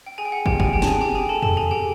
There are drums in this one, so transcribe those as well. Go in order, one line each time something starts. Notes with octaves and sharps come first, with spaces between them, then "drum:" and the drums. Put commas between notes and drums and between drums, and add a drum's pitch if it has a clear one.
G5
G#4 G#5
G5
F#5
G4 G5, drum: kick
G#4 G#5, drum: kick
G4 G5
A5, drum: snare
G#4 G#5
G4 G5
G#4 G#5
A4 A5
A4 A5, drum: tom E2
G#4 G#5
G4 G5